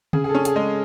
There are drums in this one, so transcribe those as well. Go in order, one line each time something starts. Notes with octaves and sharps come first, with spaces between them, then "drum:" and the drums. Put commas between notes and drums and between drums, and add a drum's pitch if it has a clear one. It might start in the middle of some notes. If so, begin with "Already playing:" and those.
C#3 G#4, drum: tom
G#4
A4
C#4
G#4, drum: hi-hat
G#3